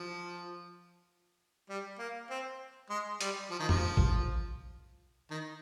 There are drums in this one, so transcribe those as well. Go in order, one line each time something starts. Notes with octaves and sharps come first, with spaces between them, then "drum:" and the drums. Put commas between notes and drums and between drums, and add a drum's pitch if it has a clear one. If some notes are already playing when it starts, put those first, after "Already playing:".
Already playing: F3
G3
A#3
C4
G#3
G3, drum: hi-hat
F3
D#3
F3, drum: tom
drum: kick
D#3